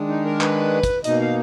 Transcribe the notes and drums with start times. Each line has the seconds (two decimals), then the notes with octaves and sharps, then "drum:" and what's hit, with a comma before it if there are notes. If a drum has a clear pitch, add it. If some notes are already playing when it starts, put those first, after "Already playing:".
Already playing: D#3 G#3 D4
0.09 D#4
0.25 A#4
0.41 B4, drum: clap
0.83 drum: kick, hi-hat
1.04 B2 A#3 D#4 D#5, drum: hi-hat
1.20 F5